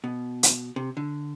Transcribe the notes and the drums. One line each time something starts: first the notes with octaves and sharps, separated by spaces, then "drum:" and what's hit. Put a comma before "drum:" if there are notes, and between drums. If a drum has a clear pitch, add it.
B2
drum: hi-hat
C3
D3